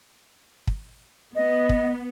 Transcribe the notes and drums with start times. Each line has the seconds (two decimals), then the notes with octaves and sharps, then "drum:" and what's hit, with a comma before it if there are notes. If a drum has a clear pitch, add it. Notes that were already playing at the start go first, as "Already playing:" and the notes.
0.67 drum: kick
1.35 B3 D#5
1.69 drum: kick